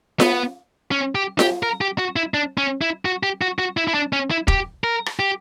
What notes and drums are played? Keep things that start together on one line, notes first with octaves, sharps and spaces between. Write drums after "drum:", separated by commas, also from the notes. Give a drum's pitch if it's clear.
B3, drum: snare F4
C#4
G4
G4, drum: snare F4
A#4
G4
F#4
E4
D4
C#4
E4
F#4
G4
F#4
F#4
E4
E4
D4
C#4
E4
G4, drum: kick E1
A#4
drum: rim click
G4